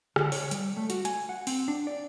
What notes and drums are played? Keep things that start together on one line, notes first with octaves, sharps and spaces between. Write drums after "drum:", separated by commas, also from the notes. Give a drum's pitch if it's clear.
D3, drum: rim click
C#5, drum: open hi-hat
G3, drum: hi-hat
A3
F#4, drum: hi-hat
G#5, drum: hi-hat
F#5
C4, drum: open hi-hat
D4
D5